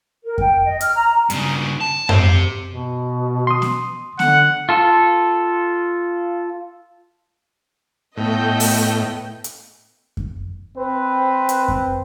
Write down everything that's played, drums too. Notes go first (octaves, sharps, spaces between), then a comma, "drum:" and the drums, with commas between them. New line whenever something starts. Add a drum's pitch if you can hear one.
A#4
G5, drum: kick F#2
D#5
F6, drum: hi-hat
A#5
G2 C#3, drum: hi-hat
A5
G4 C5, drum: tom F#2
B2
C6 D#6
drum: snare B3
D3 F#5, drum: snare B3
F4 A4
A2 A3 B3 D#5 G5
drum: open hi-hat
drum: hi-hat
drum: kick F#2
C4 B4
drum: hi-hat
drum: kick F#2